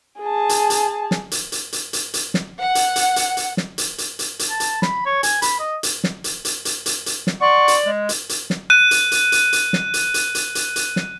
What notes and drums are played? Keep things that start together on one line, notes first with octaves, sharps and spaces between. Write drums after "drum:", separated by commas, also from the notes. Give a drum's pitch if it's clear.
G#4 A5
drum: hi-hat
drum: hi-hat
drum: snare
drum: hi-hat
drum: hi-hat
drum: hi-hat
drum: hi-hat
drum: hi-hat
drum: snare
F#5
drum: hi-hat
drum: hi-hat
drum: hi-hat
drum: hi-hat
drum: snare
drum: hi-hat
drum: hi-hat
drum: hi-hat
drum: hi-hat
A5
drum: hi-hat
B5, drum: snare
C#5
G#5, drum: hi-hat
B5, drum: hi-hat
D#5
drum: hi-hat
drum: snare
drum: hi-hat
drum: hi-hat
drum: hi-hat
drum: hi-hat
drum: hi-hat
drum: snare
D5 F#5 C6 C#6
drum: hi-hat
G#3
drum: hi-hat
drum: hi-hat
drum: snare
F#6 D#7
drum: hi-hat
drum: hi-hat
drum: hi-hat
drum: hi-hat
drum: snare
drum: hi-hat
drum: hi-hat
drum: hi-hat
drum: hi-hat
drum: hi-hat
drum: snare